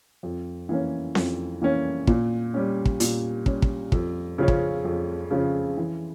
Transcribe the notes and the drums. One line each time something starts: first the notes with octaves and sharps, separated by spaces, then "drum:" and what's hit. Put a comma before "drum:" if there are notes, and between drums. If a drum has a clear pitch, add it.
F2
E3 A#3 C#4
F2, drum: snare C4
E3 A#3 C#4
A#2, drum: kick
G3 C#4
drum: kick
A#2, drum: hi-hat
G3 C#4, drum: kick
drum: kick
F2, drum: kick
C#3 F3 C#4
drum: kick
F2
C#3 F3 C#4
E3